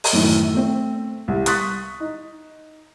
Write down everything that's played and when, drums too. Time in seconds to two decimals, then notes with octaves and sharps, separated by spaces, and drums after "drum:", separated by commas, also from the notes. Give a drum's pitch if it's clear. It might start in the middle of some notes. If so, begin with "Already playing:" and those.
0.04 drum: open hi-hat
0.13 F#2 A2 D#3 E3
0.54 A3 C4
1.28 C2
1.46 C6 C#6 D#6 F#6 A6 B6, drum: hi-hat
2.00 D#4